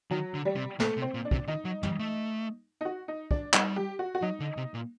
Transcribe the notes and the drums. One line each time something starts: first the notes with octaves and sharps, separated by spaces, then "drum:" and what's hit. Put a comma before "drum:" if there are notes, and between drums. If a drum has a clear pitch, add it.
D#3 F#3
D3
G3
C3
A#2 A3, drum: snare
C3
C4
A#2
D4
C3, drum: kick
D#3 D#4
F#3
G3, drum: tom
A3
D#4
F#4
D#4
D4, drum: kick
G3 D#4, drum: clap
G4
F#4
F#4
F#3 D#4
D3
C3
A#2